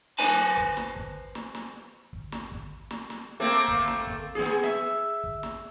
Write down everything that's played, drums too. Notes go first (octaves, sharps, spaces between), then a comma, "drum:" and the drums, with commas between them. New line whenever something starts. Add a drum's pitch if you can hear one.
B4 C5 G#5 A5
drum: kick
drum: snare
drum: kick
drum: snare
drum: snare
drum: kick
drum: snare
drum: kick
drum: snare
drum: snare
A3 A#3 C4
drum: kick
drum: snare
drum: kick
B3 G#4
drum: snare
E5, drum: snare
drum: kick
drum: snare